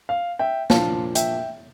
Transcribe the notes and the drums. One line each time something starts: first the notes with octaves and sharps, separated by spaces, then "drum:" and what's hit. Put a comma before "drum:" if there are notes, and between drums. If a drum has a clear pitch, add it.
F5
E5 G5
A#2 F3 A#3 D4 F5 A5, drum: snare
E5 G5, drum: hi-hat